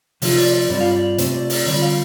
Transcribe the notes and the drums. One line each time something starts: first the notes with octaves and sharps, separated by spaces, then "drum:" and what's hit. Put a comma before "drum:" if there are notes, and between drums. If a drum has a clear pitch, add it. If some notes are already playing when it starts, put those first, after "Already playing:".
C3 F3 A3 D4 F4, drum: open hi-hat
D5
D5
G2 G3 C4 F4 D5
F5
D5
C3 A3 C4 F4 C5, drum: hi-hat
D5
D5, drum: open hi-hat
D3 G3 C4 F4 D5
F5